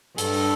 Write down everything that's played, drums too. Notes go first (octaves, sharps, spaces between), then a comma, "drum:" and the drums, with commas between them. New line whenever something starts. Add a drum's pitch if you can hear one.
G2 A4, drum: hi-hat
drum: open hi-hat